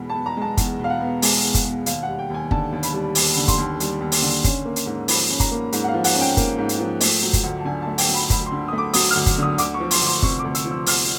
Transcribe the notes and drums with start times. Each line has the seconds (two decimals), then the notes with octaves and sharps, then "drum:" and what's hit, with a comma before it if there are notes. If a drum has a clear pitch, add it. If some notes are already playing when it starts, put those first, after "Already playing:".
Already playing: E2 B2 G#3 B5
0.10 A5
0.15 B3
0.26 A#5
0.37 G#3 A5
0.57 E2, drum: kick, hi-hat
0.79 B2 F5
0.90 F#5
1.00 B3
1.22 G#3, drum: open hi-hat
1.44 E2
1.54 drum: kick, hi-hat
1.65 B2
1.86 D#2 F5, drum: hi-hat
2.03 G3 F#5
2.19 G5
2.30 D#2 G#5
2.51 D3 A5, drum: kick
2.72 D#2
2.83 B5, drum: hi-hat
2.93 G3
3.15 D#2, drum: open hi-hat
3.37 D3
3.48 C6, drum: kick, hi-hat
3.58 D#2
3.80 G3, drum: hi-hat
4.00 D#2
4.12 drum: open hi-hat
4.22 D3
4.44 C#4, drum: kick, hi-hat
4.65 A#3
4.76 drum: hi-hat
4.86 G#2
5.08 F3 B5, drum: open hi-hat
5.29 C#4
5.40 A#5, drum: kick, hi-hat
5.52 A#3
5.72 G#2, drum: hi-hat
5.84 F#5
5.88 F5
5.94 F3
6.04 F#5, drum: open hi-hat
6.15 C#4
6.21 G5
6.37 A#3, drum: kick, hi-hat
6.58 G#2
6.69 drum: hi-hat
6.79 F3
7.01 A3, drum: open hi-hat
7.22 F#3
7.33 drum: kick, hi-hat
7.43 D2
7.60 A5
7.65 D3 G#5
7.82 A3 A5
7.98 G5, drum: open hi-hat
8.09 F#3
8.14 B5
8.30 D2 B5, drum: kick, hi-hat
8.46 C6
8.51 D3
8.68 A3 D#6
8.78 D6
8.93 F#3 D#6, drum: open hi-hat
9.11 D2 F6
9.26 drum: kick, hi-hat
9.37 D3
9.43 D#6
9.58 D2 D6, drum: hi-hat
9.74 C#6
9.80 F3
9.91 C6, drum: open hi-hat
10.01 D2
10.07 C6
10.22 C3 C#6, drum: kick
10.39 D6
10.44 D2
10.55 E6, drum: hi-hat
10.65 F3
10.71 E6
10.86 D2 F6, drum: open hi-hat